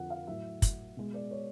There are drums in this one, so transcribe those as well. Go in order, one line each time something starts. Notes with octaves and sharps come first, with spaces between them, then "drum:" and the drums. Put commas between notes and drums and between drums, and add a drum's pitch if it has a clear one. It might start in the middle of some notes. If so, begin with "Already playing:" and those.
Already playing: F2 D3 F3 F#5
F5
A2 F#3 E5
drum: kick, hi-hat
B2 G#3
D5
C#5